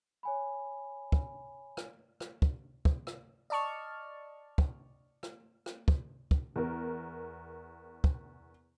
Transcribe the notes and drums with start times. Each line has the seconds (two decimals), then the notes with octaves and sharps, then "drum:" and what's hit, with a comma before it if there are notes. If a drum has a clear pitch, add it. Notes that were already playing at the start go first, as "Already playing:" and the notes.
0.23 C#5 G#5 B5
1.12 drum: kick
1.77 drum: rim click
2.20 drum: rim click
2.42 drum: kick
2.85 drum: kick
3.07 drum: rim click
3.50 D5 D#5 A5 C#6 F6
4.58 drum: kick
5.23 drum: rim click
5.66 drum: rim click
5.88 drum: kick
6.31 drum: kick
6.56 E2 A#4
8.04 drum: kick